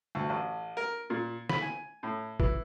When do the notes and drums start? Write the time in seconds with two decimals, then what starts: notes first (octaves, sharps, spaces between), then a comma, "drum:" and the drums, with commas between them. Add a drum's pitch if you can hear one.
0.15 D2
0.29 A1
0.77 A#4
1.10 A#2
1.49 B5, drum: snare
1.62 G#5
2.03 A2
2.40 E3, drum: kick